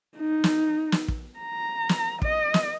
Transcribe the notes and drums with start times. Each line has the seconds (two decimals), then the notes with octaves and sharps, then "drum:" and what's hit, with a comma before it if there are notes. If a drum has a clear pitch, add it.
0.17 D#4
0.44 drum: snare
0.92 drum: snare
1.08 drum: kick
1.39 A#5
1.89 drum: snare
2.22 D#5, drum: kick
2.54 drum: snare